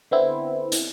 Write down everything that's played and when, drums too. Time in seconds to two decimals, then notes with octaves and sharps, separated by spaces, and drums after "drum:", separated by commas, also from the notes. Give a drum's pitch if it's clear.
0.11 D3 B3 C4 E4
0.72 drum: hi-hat